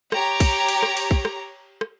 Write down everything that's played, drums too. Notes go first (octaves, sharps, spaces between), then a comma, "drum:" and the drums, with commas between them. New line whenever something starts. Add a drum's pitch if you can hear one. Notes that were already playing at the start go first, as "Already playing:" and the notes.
G4 C#5 A#5, drum: rim click
drum: kick, cymbal
drum: cymbal
drum: rim click
drum: cymbal
drum: kick
drum: rim click
drum: rim click